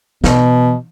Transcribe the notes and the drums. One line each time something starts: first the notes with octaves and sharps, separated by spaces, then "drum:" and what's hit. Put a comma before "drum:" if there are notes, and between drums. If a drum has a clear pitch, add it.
B2 E3 B3, drum: snare